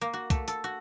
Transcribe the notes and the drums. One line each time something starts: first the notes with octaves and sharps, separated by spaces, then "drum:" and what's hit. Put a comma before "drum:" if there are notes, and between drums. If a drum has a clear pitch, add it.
A#3
F#4
A3, drum: kick, hi-hat
A4, drum: hi-hat
F#4